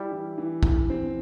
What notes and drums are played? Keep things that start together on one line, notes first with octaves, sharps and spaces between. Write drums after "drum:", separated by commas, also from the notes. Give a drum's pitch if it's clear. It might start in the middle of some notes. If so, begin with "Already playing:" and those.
Already playing: G3 E4
E3
E3
E3, drum: kick
C4